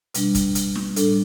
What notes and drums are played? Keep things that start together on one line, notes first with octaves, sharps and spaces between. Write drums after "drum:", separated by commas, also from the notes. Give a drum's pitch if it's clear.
B2 G3 D4, drum: hi-hat
drum: kick, hi-hat
drum: hi-hat
drum: snare
A2 G3 D4 A4, drum: hi-hat